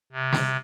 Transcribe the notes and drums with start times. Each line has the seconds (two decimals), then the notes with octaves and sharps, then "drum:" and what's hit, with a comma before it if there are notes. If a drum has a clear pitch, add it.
0.12 C3
0.32 drum: snare